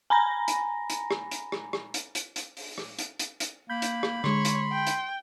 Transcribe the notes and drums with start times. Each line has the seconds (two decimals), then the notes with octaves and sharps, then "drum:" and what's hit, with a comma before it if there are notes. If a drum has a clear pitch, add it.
0.10 G#5 A#5 B5 A#6
0.48 drum: hi-hat
0.90 drum: hi-hat
1.11 drum: rim click
1.31 drum: hi-hat
1.52 drum: rim click
1.73 drum: rim click
1.94 drum: hi-hat
2.15 drum: hi-hat
2.36 drum: hi-hat
2.57 drum: open hi-hat
2.78 drum: rim click
2.99 drum: hi-hat
3.19 drum: hi-hat
3.40 drum: hi-hat
3.70 A#3 B5 G6
3.82 drum: hi-hat
4.03 drum: rim click
4.24 D3 G#3 C#5 C6, drum: rim click
4.45 drum: hi-hat
4.72 G5
4.87 drum: hi-hat